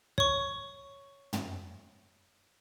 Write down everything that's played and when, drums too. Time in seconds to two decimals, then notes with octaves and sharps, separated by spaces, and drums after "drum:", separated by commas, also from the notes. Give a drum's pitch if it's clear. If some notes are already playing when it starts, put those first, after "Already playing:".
0.18 C#5 C#6, drum: kick
1.33 drum: tom